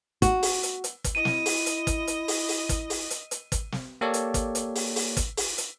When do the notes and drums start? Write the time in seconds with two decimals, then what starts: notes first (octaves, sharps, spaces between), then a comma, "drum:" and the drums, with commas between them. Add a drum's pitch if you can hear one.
0.22 F#4, drum: kick, hi-hat
0.43 drum: open hi-hat
0.63 drum: hi-hat
0.84 drum: hi-hat
1.04 drum: kick, hi-hat
1.15 E4 D#5 D#7
1.25 drum: snare
1.46 drum: open hi-hat
1.66 drum: hi-hat
1.87 drum: kick, hi-hat
2.07 drum: hi-hat
2.28 drum: open hi-hat
2.49 drum: open hi-hat
2.69 drum: kick, hi-hat
2.90 drum: open hi-hat
3.11 drum: hi-hat
3.31 drum: hi-hat
3.52 drum: kick, hi-hat
3.72 drum: snare
4.01 A#3 G4 A4 C#5 D5
4.14 drum: hi-hat
4.34 drum: kick, hi-hat
4.55 drum: hi-hat
4.75 drum: open hi-hat
4.96 drum: open hi-hat
5.17 drum: kick, hi-hat
5.37 drum: open hi-hat
5.58 drum: hi-hat